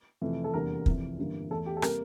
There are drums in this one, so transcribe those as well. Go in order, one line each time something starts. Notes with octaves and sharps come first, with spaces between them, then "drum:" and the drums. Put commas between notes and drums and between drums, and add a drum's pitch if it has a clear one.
F1 F2 E3 A3
A4
F1 E2 D3 G3 A#3 A#4
F1 F2 E3, drum: kick
G1 G2 E3 A#3
E2 E3 A3 A4
G4
A4
C3 G3 A#3 A#4, drum: rim click